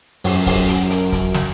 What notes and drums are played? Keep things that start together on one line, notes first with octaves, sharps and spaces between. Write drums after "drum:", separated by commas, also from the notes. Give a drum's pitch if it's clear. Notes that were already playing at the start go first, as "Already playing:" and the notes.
F#2, drum: open hi-hat
drum: kick, open hi-hat
drum: hi-hat
drum: hi-hat
drum: kick, hi-hat
drum: snare